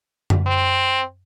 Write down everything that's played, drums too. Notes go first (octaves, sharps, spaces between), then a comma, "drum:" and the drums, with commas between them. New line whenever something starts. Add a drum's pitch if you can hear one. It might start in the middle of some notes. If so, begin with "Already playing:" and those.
drum: tom F#2
C4